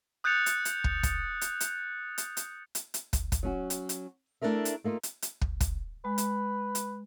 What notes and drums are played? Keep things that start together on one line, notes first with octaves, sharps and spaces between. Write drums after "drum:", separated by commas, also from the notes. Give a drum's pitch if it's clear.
D#6 F#6 G6 A6 C#7 F7
drum: hi-hat
drum: hi-hat
drum: kick
drum: kick, hi-hat
drum: hi-hat
drum: hi-hat
drum: hi-hat
drum: hi-hat
drum: hi-hat
drum: hi-hat
drum: kick, hi-hat
drum: kick, hi-hat
F#3 C#4 F#4
drum: hi-hat
drum: hi-hat
A3 D4 E4 A#4 E5
drum: hi-hat
A3 A#3 D#4 F4
drum: hi-hat
drum: hi-hat
drum: kick
drum: kick, hi-hat
G#3 B4
drum: hi-hat
drum: hi-hat